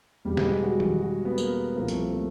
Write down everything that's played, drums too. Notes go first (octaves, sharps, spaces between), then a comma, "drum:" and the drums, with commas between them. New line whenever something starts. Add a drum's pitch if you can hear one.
E1 E2 B2 G3
G#3, drum: snare
F#4
drum: tom D#3
F#4
B3
A#3, drum: tambourine
C2 A#2 F3 A#3
A3, drum: hi-hat
A#3
A3